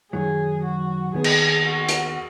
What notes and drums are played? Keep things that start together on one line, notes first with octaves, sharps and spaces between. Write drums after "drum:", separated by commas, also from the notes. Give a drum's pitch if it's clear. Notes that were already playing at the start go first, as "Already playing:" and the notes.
F#2 D#3 F#3 G#4
F#4
D#2 D#3 B3 G#4
drum: cymbal
F#4
drum: hi-hat